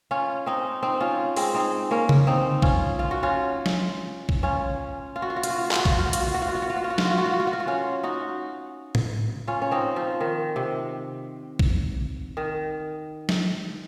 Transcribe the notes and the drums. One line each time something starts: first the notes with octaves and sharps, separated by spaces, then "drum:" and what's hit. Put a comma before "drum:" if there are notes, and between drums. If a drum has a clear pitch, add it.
C#4 F4
C4 D#4
C4 D#4
C#4 F4
G#3 C4, drum: open hi-hat
C4 D#4
A#3 C#4
drum: tom C#3
C4 D#4
C#4 F4, drum: kick
F4
F#4
C#4 F4
drum: snare
drum: kick
C#4 F4
F4
F#4
F4
F#4
F4, drum: hi-hat
F#4
F4
F#4
F4, drum: clap
F#4
F4, drum: kick
F#4
F4
F#4
F4, drum: hi-hat
F#4
F4
F#4
F4
F#4
F4
F#4
F4
F#4
F4
F#4
F4, drum: snare
F#4
F4
F#4
F4
F#4
F4
F#4
F4
F#4
C#4 F4
D#4 F#4
drum: tom A2
C#4 F4
C#4
C4 D#4
F3
D#3
C3
drum: kick
D#3
drum: snare